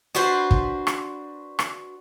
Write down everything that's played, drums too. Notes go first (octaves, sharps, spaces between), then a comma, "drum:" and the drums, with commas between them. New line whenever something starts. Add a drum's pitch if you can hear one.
D4 F#4 B4 C5
drum: kick
drum: rim click
drum: rim click